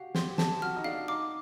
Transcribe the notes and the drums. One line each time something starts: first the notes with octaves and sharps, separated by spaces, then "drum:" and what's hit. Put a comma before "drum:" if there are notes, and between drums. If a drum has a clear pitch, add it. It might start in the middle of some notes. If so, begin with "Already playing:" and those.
Already playing: F#4 G4 F5
G4 C6, drum: snare
G4 A5, drum: snare
F#4 F6
D#4
D4 F5
D#4 D6